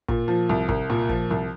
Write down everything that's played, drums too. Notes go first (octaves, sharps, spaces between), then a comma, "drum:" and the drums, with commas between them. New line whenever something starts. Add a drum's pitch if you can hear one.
A#2, drum: kick
F3
C2
C2, drum: kick
A#2
F3, drum: kick
C2